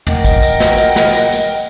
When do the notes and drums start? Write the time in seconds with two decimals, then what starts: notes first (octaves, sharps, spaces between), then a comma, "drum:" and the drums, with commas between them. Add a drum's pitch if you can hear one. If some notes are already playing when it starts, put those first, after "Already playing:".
0.07 A#4 D#5 F#5 G5, drum: tom
0.25 drum: kick, tambourine
0.42 drum: tambourine
0.60 drum: snare
0.78 drum: tambourine
0.96 drum: snare
1.14 drum: tambourine
1.32 drum: tambourine